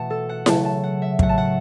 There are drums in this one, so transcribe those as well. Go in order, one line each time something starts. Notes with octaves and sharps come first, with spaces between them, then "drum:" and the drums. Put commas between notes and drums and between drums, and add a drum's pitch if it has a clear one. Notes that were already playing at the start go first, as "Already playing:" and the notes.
Already playing: B2 E3 A3 F#5 A5
A4
F#5
C#3 F#3 A3 A5, drum: snare E4
A5
F#5
E5
A2 F#3 A3 F#5, drum: kick
A5
F#5